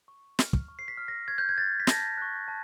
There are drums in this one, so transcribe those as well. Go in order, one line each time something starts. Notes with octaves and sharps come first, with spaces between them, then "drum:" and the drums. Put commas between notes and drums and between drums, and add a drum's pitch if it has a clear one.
C#6
F6, drum: snare
drum: kick
C#6
C7
B6
F6
A#6
C#6 G#6
G6
G#6
F6 A6
B6
A5 A#6, drum: snare
C#6 F#6
A5